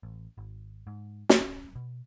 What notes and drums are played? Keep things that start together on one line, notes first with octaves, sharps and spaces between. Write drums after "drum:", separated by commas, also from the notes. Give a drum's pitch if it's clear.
A1
G#1
G#2
drum: snare
C#4
B2